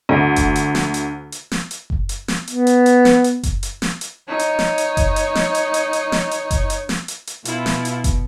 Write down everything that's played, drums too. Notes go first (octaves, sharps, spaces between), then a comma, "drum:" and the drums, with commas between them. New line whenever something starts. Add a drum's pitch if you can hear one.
D2
drum: kick F#1, hi-hat
drum: hi-hat
drum: snare
drum: hi-hat
drum: hi-hat
drum: snare
drum: hi-hat
drum: kick F#1
drum: hi-hat
drum: snare
B3, drum: hi-hat
drum: hi-hat
drum: hi-hat
drum: snare
drum: hi-hat
drum: kick F#1, hi-hat
drum: hi-hat
drum: snare
drum: hi-hat
D#4 C#5
drum: hi-hat
drum: snare
drum: hi-hat
drum: kick F#1, hi-hat
drum: hi-hat
drum: snare
drum: hi-hat
drum: hi-hat
drum: hi-hat
drum: snare
drum: hi-hat
drum: kick F#1, hi-hat
drum: hi-hat
drum: snare
drum: hi-hat
drum: hi-hat
B2 E4 F4, drum: hi-hat
drum: snare
drum: hi-hat
drum: kick F#1, hi-hat